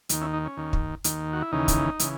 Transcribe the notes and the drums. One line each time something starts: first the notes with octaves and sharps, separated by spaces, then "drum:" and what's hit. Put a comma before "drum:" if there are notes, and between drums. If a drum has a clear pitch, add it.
D#2 D#3, drum: hi-hat
C#4 E4
D#4
C#4
D#2 D#3
drum: kick
D#2 D#3, drum: hi-hat
F#4
E4
D#2 C#3 E3 D#4
drum: kick, hi-hat
C#3 E3, drum: hi-hat